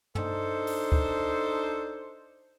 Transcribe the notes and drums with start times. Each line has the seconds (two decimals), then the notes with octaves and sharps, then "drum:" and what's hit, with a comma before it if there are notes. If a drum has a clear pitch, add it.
0.15 D4 D#4 A4 C5, drum: tom
0.67 drum: open hi-hat
0.92 drum: kick D2